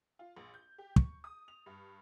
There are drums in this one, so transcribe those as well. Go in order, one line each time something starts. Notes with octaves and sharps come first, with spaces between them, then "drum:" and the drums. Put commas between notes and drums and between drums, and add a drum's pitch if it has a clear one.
F4
A#1
G6
G4
C#6, drum: kick
D#6
F7
G2